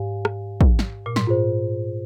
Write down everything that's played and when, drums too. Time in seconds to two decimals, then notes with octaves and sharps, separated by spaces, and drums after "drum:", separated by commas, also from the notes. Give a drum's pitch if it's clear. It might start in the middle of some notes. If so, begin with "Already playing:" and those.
Already playing: G#2 G4 C#5 F5 G#5
0.25 drum: rim click
0.61 drum: kick
0.79 drum: snare
1.06 A#2
1.16 G#2, drum: snare
1.27 F4 G#4 C5